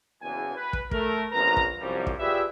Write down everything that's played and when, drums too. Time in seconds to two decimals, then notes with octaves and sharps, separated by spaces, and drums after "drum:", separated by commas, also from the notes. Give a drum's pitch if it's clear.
0.22 F#1 E2 G#5
0.57 B4
0.73 drum: kick
0.91 A3 A#4, drum: kick
1.32 A#1 F#2 B2 F4 B4 A#5
1.57 drum: kick
1.81 C2 F#2 F3 G3
2.07 drum: kick
2.19 F4 G4 G#4 B4 D5 E5